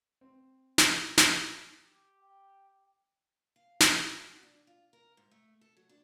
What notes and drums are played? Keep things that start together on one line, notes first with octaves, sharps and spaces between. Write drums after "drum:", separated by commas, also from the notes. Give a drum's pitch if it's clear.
C4
drum: snare
drum: snare
G4
G5
F5
F#3, drum: snare
C#4
F#4
D4
F4
A#4
G#2
A3
A4
F#3
D4